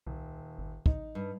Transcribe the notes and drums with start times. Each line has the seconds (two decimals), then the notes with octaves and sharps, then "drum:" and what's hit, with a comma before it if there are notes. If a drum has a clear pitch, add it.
0.06 D#1 C2
0.58 G#1
0.86 A1 D#4, drum: kick
1.15 G2